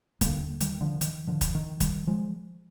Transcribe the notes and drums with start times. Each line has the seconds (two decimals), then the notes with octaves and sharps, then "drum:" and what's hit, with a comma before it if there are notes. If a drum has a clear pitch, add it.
0.21 D#2 D3 G3 A#3, drum: kick, hi-hat
0.61 D#3 G3, drum: hi-hat
0.81 D3 F3
1.01 D#3, drum: hi-hat
1.27 D3 F3
1.41 drum: kick, hi-hat
1.55 D#3
1.80 D#3 G3, drum: kick, hi-hat
2.07 F3 G#3